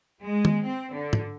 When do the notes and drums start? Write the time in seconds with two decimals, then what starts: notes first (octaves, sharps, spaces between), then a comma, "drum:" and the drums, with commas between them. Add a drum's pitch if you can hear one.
0.22 G#3
0.45 drum: tom D#3
0.64 C4
0.95 D3
1.13 drum: tom